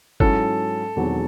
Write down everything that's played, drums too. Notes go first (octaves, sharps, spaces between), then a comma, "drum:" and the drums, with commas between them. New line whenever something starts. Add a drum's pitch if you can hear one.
G#2 F#3 C#4 E4 A4, drum: kick G1
E1 E2 D#3 F#3 C4